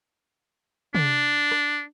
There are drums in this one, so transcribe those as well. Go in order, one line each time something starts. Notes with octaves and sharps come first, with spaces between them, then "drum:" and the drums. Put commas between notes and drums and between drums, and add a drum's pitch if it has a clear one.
D4, drum: tom
drum: rim click